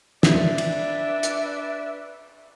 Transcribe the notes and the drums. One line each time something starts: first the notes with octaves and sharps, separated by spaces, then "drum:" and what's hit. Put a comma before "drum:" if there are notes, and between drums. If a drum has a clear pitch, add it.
D4 B4 D5 E5, drum: snare
drum: cymbal
drum: hi-hat